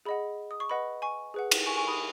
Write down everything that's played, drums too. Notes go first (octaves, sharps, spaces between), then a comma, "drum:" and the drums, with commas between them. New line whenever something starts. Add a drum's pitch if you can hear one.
G#4 D#5 F#5 B5
D#6
C#6
B4 D#5 F#5 B5
G#5 C#6
G#4 B4 F#5
drum: cymbal
G#5 C#6
G#5 C#6
B5 D#6